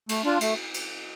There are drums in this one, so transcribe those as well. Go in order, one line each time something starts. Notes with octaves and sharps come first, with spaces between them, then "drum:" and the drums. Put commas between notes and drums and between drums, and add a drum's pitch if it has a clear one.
A3, drum: cymbal
D4 F4
A3, drum: cymbal
drum: cymbal